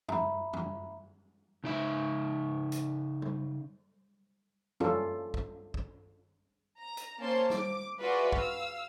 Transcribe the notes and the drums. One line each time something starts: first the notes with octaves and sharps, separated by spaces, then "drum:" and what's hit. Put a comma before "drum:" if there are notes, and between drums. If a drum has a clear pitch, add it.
E5 A#5 B5, drum: tom
drum: tom
C#3 D#4 E5
drum: hi-hat
drum: tom C3
C#4 F4 A4 D5, drum: tom
drum: kick
drum: kick
A#5
drum: hi-hat
A#3 C#4 C5 A5 C6
D6, drum: snare
F4 F#4 G#4 B4 D5 E5
F5 E6, drum: kick